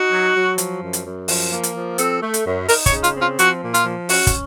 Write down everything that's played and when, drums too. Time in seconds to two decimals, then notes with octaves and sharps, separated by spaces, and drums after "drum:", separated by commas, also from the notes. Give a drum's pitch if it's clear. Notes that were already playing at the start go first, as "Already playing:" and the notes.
Already playing: D#4 F#4
0.12 F#3
0.35 F#3
0.58 F3, drum: hi-hat
0.81 F#2
0.93 drum: hi-hat
1.04 F#2
1.28 F3, drum: open hi-hat
1.52 A#3
1.63 drum: hi-hat
1.75 F3
1.98 C4 A4, drum: hi-hat
2.22 A3
2.34 drum: hi-hat
2.45 F#2
2.68 D#4 A#4, drum: open hi-hat
2.86 C#5, drum: kick, hi-hat
2.93 C#3
3.04 F4, drum: hi-hat
3.15 C4
3.21 F4
3.39 F3 F#4, drum: hi-hat
3.62 A#2
3.74 F4, drum: hi-hat
3.85 F3
4.09 C#4 F#4, drum: open hi-hat
4.27 drum: kick, hi-hat